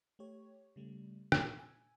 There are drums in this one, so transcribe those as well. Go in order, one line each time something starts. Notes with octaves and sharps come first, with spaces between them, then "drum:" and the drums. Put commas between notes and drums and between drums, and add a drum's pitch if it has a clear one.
A3 G4 C#5
C#3 G3 A3
A#2 E6, drum: rim click
G#5